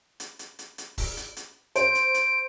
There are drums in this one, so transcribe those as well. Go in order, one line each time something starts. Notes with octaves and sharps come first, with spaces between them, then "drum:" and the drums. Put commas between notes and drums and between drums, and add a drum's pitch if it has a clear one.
drum: hi-hat
drum: hi-hat
drum: hi-hat
drum: hi-hat
drum: kick, open hi-hat
drum: hi-hat
drum: hi-hat
C5 D7, drum: hi-hat
drum: hi-hat
drum: hi-hat